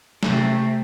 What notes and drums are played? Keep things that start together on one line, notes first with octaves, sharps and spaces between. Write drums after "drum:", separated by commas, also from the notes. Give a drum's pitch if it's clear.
C3 A3, drum: snare